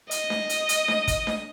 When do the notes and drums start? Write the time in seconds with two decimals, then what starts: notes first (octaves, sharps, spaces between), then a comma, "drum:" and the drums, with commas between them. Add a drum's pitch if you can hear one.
0.11 D#5, drum: hi-hat
0.30 drum: snare D4
0.49 drum: hi-hat
0.69 drum: hi-hat
0.88 drum: snare D4
1.08 drum: kick, hi-hat
1.27 drum: snare D4